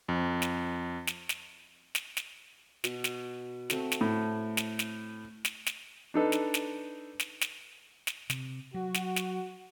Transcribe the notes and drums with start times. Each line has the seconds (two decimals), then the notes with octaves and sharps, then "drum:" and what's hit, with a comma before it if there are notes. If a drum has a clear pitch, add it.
0.09 F2
0.42 drum: snare
1.07 drum: snare
1.29 drum: snare
1.95 drum: snare
2.17 drum: snare
2.84 B2, drum: snare
3.04 drum: snare
3.70 A3 C4 F#4, drum: snare
3.92 drum: snare
4.01 A2
4.57 drum: snare
4.79 drum: snare
5.45 drum: snare
5.66 drum: snare
6.14 D4 D#4 A4 B4
6.32 drum: snare
6.54 drum: snare
7.20 drum: snare
7.41 drum: snare
8.07 drum: snare
8.30 C3, drum: snare
8.74 F#3 F#4
8.94 drum: snare
9.16 drum: snare